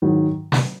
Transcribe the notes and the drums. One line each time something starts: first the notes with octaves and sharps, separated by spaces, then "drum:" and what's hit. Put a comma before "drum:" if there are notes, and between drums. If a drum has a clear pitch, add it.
G#2 D#3 F#3
drum: snare